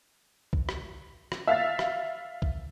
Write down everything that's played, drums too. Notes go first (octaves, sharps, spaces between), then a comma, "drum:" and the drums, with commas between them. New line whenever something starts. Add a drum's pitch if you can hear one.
drum: kick
drum: rim click
drum: rim click
E5 F5 E6 A6
drum: rim click
drum: kick